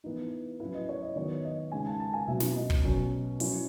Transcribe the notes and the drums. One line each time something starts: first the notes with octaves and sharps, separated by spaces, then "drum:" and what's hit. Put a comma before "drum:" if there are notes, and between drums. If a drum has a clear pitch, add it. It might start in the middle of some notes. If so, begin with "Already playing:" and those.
E3 B3 D#4
F#3 C#4 E4 B4
D#5
C#5
D#5
D#3 F#3 B3 C#5
D#5
C#3 G#3 D#4 G#5
A5
A5
G#5
B2 F#3 C#4 E5
drum: snare
D#5
drum: kick
B2 F#3 C#4
F#3 C#4 E4, drum: open hi-hat